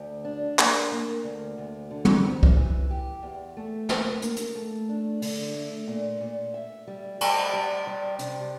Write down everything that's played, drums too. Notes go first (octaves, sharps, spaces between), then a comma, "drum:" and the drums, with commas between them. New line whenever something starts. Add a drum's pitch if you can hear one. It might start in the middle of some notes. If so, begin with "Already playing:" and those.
Already playing: D2
D4
A#3, drum: clap
A#3
D2
D2
D3
drum: tom
C4
drum: kick C2
E3
G4
E2
A3
A#3, drum: snare
A#3, drum: hi-hat
drum: hi-hat
A3
D4
D3, drum: open hi-hat
A3
A#2
A#2
E5
G3
G3, drum: cymbal
G3
G3
C3, drum: hi-hat